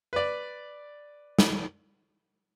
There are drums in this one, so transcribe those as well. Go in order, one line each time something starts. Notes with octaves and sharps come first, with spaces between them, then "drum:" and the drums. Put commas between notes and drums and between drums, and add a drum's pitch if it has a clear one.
B4 D5
drum: snare